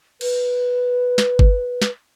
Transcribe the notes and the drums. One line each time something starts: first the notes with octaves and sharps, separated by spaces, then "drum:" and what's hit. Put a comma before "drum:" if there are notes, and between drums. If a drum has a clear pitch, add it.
B4, drum: cymbal
drum: snare
drum: kick G1
drum: snare